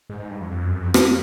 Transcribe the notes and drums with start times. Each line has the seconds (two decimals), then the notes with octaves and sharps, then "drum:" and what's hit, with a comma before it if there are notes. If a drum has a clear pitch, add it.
0.10 G#2
0.20 G#2
0.30 G2
0.41 F2
0.51 F2
0.66 F#2
0.80 F2
0.94 F2, drum: rim click